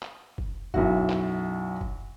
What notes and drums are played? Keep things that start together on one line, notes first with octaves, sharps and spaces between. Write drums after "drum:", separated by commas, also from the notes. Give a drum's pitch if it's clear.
drum: clap
drum: kick
B1 F#2 E4 F#4, drum: kick
drum: clap
drum: kick